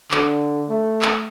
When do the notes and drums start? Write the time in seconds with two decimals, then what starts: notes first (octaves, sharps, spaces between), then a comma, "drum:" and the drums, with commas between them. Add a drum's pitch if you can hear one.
0.11 D3, drum: clap
0.69 A3
1.02 drum: clap